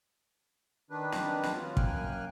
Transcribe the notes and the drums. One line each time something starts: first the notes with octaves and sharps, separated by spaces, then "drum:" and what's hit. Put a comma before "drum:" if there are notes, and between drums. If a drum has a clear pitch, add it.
D#3 D4 B4
drum: snare
drum: snare
F#3 B3 F4
F#2 A#3 G5 G#5 F6 F#6, drum: kick